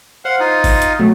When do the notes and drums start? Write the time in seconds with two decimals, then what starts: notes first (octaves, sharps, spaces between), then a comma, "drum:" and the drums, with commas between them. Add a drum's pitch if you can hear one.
0.25 C5 F5 F#5
0.40 D#4 F4
0.64 drum: kick, open hi-hat
0.82 drum: hi-hat
0.99 B2 F#3 A3